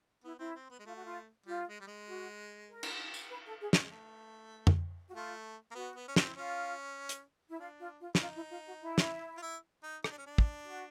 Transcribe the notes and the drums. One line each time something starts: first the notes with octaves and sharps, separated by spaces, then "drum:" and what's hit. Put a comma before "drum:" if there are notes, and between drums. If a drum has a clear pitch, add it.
B3 E4
C4 E4
C4
B3
G#3
A3 F4
F#4
F4
G3 F4
G#3
G3
G#3
F#4
A#4
drum: cymbal
drum: tambourine
B4
A4
G#4
drum: snare
G#3
A3
drum: tom F2
F#4
A3 F4
A#3
B3 F#4
B3
C#4
C4, drum: snare
E4
C#4 F4
drum: hi-hat
E4
D4 F4
F4
F4
E4, drum: snare
D#4 F4
E4
F4
F#4
E4
drum: snare
F4
E4
D#4
D#4, drum: rim click
D4
C#4
D4
drum: kick
F#4